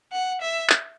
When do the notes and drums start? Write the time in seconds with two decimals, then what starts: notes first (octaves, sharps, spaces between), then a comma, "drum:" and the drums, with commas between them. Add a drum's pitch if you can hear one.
0.12 F#5
0.41 E5
0.70 drum: clap